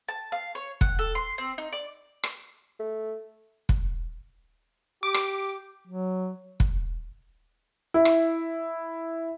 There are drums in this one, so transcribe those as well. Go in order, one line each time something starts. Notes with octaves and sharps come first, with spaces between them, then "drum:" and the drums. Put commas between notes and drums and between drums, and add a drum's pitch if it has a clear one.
A5
F5
C#5
F#5, drum: kick
A4
C6
C4
D#4
D5
drum: rim click
A3
drum: kick
G4 D6
drum: rim click
F#3
drum: kick
E4
drum: rim click